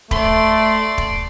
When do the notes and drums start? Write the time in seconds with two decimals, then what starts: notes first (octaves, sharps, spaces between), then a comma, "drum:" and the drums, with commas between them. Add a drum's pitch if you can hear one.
0.11 A3 D5 C6, drum: kick
0.98 drum: kick